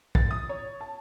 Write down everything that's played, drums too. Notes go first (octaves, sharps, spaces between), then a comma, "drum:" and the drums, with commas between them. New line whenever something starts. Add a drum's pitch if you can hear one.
A6, drum: kick
D#6
C#5
A5